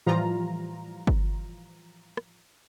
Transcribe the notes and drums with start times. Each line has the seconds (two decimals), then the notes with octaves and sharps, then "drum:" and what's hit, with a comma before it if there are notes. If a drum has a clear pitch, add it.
0.06 A2 E3 F3 G3 F4 A#5
1.07 drum: kick G1
2.17 drum: rim click